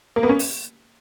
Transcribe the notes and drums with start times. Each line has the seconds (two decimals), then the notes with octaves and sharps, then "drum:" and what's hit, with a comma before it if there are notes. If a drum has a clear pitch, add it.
0.16 A#3
0.23 B3
0.29 C#4
0.39 drum: open hi-hat